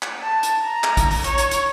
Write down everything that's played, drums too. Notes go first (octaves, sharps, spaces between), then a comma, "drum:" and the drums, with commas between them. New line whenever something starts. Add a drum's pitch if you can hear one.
drum: clap
A5
drum: hi-hat
A#5
drum: clap
drum: kick A1, hi-hat
drum: open hi-hat
C#5, drum: hi-hat
drum: hi-hat
drum: hi-hat